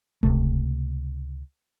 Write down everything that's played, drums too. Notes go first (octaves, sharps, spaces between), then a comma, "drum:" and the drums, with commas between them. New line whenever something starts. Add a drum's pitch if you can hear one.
C#2 C3 A3, drum: kick D#1